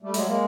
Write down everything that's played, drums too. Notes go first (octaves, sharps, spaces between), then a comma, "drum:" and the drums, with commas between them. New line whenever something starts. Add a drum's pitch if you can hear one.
G3 A3
F#3 G#3, drum: open hi-hat
G#3 A#3